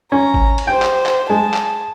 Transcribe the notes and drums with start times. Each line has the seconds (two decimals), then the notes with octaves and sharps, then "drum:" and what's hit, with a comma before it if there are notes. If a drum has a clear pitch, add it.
0.12 C#4 A#5
0.34 drum: kick G#1
0.58 drum: cymbal
0.67 G4 C5 G5
0.82 drum: clap
1.06 drum: clap
1.30 G#3 G#4 A5
1.53 drum: clap